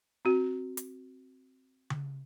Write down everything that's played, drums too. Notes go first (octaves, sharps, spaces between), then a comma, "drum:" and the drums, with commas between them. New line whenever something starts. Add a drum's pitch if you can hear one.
C4 F#4
drum: hi-hat
drum: tom C#3